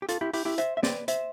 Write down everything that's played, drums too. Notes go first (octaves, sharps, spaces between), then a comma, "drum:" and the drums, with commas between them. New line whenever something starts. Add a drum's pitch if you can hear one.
G4
F4 A4, drum: hi-hat
E4 G4
E4 G4, drum: open hi-hat
E4 G4
C5 E5, drum: hi-hat
E5
B4 D5, drum: snare
C5 E5, drum: hi-hat